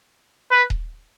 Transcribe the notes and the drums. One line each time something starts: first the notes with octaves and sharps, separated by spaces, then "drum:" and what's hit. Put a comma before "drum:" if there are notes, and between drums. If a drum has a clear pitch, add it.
B4
drum: kick D#1